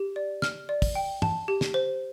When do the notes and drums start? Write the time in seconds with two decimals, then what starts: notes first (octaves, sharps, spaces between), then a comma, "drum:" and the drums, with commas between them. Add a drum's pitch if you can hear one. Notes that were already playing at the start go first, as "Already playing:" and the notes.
Already playing: G4
0.16 D5
0.42 F6, drum: snare
0.69 D5
0.82 drum: kick, open hi-hat
0.95 G5
1.22 A5, drum: tom
1.48 G4
1.61 drum: snare
1.74 C5